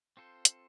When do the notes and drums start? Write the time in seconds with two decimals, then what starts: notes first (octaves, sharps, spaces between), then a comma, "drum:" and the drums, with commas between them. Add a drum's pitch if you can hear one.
0.17 C4 F4 A4 C5
0.45 drum: hi-hat